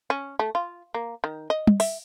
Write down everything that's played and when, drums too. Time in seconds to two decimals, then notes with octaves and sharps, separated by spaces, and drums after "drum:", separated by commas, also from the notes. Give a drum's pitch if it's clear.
0.10 C#4
0.39 A3
0.55 F4
0.94 A#3
1.24 D#3
1.50 D#5
1.67 drum: tom
1.80 E5, drum: open hi-hat